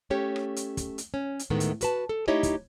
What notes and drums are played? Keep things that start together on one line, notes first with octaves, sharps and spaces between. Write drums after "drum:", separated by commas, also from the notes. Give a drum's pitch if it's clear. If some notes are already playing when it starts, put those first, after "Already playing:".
A3 C#4 G4 C#5
drum: rim click
drum: hi-hat
drum: kick, hi-hat
drum: hi-hat
C#4
drum: hi-hat
D2 A2 D#3 G#3 A3 B3
drum: hi-hat
F#4 B4 A5, drum: hi-hat
A4
A3 D#4 E4 G4 C#5 D#5
drum: kick, hi-hat